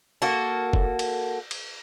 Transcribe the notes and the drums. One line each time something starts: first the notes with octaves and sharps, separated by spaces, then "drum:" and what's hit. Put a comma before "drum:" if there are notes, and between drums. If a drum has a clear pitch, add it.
A#3 F#4 A4
drum: kick
drum: cymbal
drum: cymbal